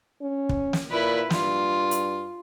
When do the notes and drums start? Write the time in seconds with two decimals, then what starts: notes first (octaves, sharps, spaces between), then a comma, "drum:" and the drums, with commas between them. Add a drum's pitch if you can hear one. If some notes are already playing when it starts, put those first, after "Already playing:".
0.22 C#4
0.49 drum: kick
0.73 drum: snare
0.91 A#2 E4 B4
1.30 G2 F4, drum: snare
1.91 drum: hi-hat